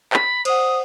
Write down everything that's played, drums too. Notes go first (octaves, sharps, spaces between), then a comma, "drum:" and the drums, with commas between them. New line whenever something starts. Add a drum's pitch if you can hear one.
B5, drum: clap
C5 D5 F#5 D#6, drum: cymbal